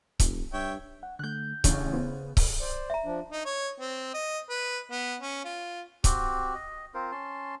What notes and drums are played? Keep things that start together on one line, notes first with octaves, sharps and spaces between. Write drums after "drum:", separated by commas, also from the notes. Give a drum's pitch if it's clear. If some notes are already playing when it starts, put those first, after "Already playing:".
F1, drum: kick C#1, hi-hat
G2 C#5 E5 G5
F#5
D3 A3 F#6 G6
A1 C#3 D4, drum: kick C#1, hi-hat
B3 C5
drum: kick C#1, open hi-hat
C5 D5
E5 A#5
F3 D4
D#4
C#5
C4
D#5
B4
B3
C#4
F4
C4 F#4 G4, drum: kick C#1, hi-hat
D#5
C4 F4 A#4 C5
C#4 A5 C6